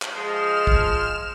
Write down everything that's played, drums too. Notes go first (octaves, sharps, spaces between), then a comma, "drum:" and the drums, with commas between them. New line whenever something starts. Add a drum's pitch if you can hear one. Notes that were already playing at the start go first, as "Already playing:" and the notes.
drum: clap
F3 G#3 F6 E7
drum: kick